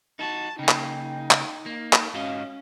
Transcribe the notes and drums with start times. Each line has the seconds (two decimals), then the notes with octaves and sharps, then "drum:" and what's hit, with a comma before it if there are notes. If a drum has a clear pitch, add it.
0.19 D#4 E4 F#4 A5
0.59 C#3 A#3 D#4 G5
0.69 drum: clap
1.31 drum: clap
1.66 A#3
1.93 drum: clap
2.14 G#2 C#4 F#4 D#5 F5